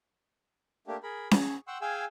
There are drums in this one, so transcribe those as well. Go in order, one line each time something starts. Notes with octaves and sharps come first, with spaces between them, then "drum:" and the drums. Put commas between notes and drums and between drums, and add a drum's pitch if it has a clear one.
A3 A#3 D4 G4
G#4 A#4 B5
G#4 C#6, drum: snare C#4
F#5 G5 C6 C#6 E6
G#4 F5 G5 G#5 E6